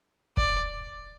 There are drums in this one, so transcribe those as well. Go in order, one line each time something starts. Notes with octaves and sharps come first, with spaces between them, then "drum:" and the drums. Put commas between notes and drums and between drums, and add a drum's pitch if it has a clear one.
D5, drum: kick